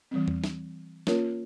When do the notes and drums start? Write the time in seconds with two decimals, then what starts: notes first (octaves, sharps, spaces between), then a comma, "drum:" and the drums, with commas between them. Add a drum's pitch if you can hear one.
0.11 E3 G3 C4
0.28 drum: tom E2
0.44 drum: snare
1.07 A#3 C#4 F4 A#4 C#5, drum: snare